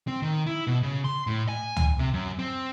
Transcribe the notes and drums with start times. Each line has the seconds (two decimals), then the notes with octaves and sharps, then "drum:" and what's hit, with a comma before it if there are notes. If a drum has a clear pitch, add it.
0.07 C4
0.22 D#3
0.46 E4
0.67 B2
0.83 C#3
1.04 C6
1.27 A2
1.49 G#5
1.76 drum: tom
1.99 C3
2.13 F#2
2.39 C4